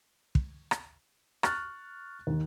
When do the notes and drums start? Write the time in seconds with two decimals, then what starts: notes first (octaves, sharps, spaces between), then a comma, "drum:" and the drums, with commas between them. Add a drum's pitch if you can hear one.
0.35 drum: kick
0.71 drum: rim click
1.43 C#6 F6 F#6 A6, drum: rim click
2.27 D#2 D#3